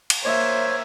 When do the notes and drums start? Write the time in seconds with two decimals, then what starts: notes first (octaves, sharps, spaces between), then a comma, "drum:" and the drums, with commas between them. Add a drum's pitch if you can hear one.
0.10 drum: cymbal
0.24 A#3 C5 C#5 E5